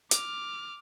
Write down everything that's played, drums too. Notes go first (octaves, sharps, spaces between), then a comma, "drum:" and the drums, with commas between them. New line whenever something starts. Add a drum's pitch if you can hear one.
D6 F6, drum: hi-hat